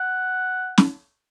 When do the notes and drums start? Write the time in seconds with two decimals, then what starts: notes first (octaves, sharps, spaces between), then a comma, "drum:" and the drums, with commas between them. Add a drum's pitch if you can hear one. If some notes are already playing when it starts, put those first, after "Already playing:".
Already playing: F#5
0.78 drum: snare